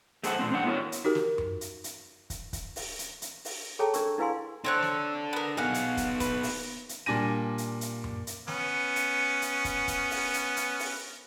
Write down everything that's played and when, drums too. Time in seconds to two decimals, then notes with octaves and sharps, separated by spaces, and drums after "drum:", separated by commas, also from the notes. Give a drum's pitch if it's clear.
0.24 A3 G#4 A4 C5 F#5, drum: hi-hat
0.39 A#2 A3 C4
0.52 C4 D4 F#5
0.65 B3 E4 F#4 A#4 C#5
0.92 drum: hi-hat
1.05 D#4 F#4 G4 A#4
1.15 drum: snare
1.38 drum: tom F#2
1.61 drum: hi-hat
1.84 drum: hi-hat
2.30 drum: kick, hi-hat
2.53 drum: kick, hi-hat
2.76 drum: open hi-hat
2.99 drum: hi-hat
3.22 drum: hi-hat
3.45 drum: open hi-hat
3.79 G#4 A4 C#5 G5 A5 A#5
3.93 D4 A#4 C#6, drum: hi-hat
4.18 D4 E4 B4 F5 G#5 C6
4.64 C4 D4 A4 C#5 F#6
4.82 drum: snare
5.33 B3 A#4
5.57 B3 D#4 G#4 F5 F#5
5.74 drum: hi-hat
5.97 drum: kick, hi-hat
6.20 B4, drum: kick, hi-hat
6.43 drum: open hi-hat
6.89 drum: hi-hat
7.06 A#2 G3 D4 G#5 A#6 D#7
7.58 drum: hi-hat
7.81 drum: hi-hat
8.04 drum: tom F#2
8.27 drum: hi-hat
8.48 B3 C#4, drum: snare
8.96 drum: hi-hat
9.42 drum: hi-hat
9.65 drum: kick, hi-hat
9.88 drum: kick, hi-hat
10.11 drum: open hi-hat
10.34 drum: hi-hat
10.56 drum: hi-hat
10.79 drum: open hi-hat